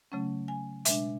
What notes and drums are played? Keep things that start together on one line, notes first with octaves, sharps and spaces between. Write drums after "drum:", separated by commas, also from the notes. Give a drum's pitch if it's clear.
C#3 F#3 A3 C#4
G#5
B2 G#3 D4 E5, drum: hi-hat